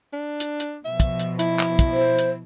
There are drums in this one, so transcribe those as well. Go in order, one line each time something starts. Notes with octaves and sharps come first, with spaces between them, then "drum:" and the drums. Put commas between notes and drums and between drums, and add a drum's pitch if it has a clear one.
D4
drum: hi-hat
drum: hi-hat
B2 F3 E5
drum: kick, hi-hat
drum: hi-hat
E4, drum: hi-hat
drum: clap
drum: kick, hi-hat
C5
drum: hi-hat